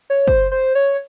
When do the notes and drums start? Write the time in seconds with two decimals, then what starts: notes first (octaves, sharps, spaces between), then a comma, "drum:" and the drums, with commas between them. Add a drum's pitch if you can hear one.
0.10 C#5
0.27 C5, drum: kick
0.52 C5
0.75 C#5